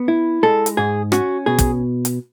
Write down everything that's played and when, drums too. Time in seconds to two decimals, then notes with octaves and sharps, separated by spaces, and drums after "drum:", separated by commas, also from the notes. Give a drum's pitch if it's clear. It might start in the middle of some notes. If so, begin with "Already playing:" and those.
Already playing: B3
0.08 E4
0.43 G#3 A4
0.66 drum: hi-hat
0.77 G#2 G#4
1.12 C#4 F#4, drum: rim click
1.46 B2 G#4
1.59 drum: kick, hi-hat
2.05 drum: hi-hat